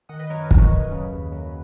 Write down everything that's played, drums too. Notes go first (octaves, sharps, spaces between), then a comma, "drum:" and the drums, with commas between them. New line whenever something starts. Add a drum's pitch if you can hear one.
D#3 D#5 F#5
B4 D#5
F#2 A#4 C#5
B4
F#3, drum: kick
F#2
C#3
D#2
F#3